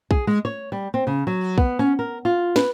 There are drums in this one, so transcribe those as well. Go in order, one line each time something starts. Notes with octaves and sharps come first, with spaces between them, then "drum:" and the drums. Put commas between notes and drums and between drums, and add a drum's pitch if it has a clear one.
G#4, drum: kick
G#3
C#5
G3
C4
C#3
F#3
B3, drum: kick
C#4
A#4
F4
B4, drum: snare